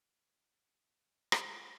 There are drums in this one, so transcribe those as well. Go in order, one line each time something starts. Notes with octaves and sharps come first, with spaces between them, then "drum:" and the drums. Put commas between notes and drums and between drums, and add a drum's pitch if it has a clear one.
C4 D#5
drum: rim click